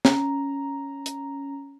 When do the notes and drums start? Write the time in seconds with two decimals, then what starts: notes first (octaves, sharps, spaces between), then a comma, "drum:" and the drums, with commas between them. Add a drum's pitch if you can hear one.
0.05 C#4 A#5, drum: snare
1.06 drum: hi-hat